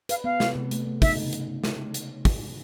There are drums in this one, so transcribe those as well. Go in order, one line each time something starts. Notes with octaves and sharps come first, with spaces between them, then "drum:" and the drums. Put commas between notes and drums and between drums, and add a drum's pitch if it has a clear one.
B4 F5, drum: hi-hat
B3 F5
C3, drum: snare
C3
A3, drum: hi-hat
A3
D#4 E5, drum: kick, open hi-hat
C#3
drum: hi-hat
drum: snare
drum: hi-hat
drum: kick, open hi-hat